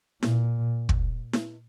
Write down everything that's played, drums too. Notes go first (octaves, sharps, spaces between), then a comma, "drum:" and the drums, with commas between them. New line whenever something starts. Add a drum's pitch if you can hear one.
A#2, drum: snare E4
drum: kick
drum: snare E4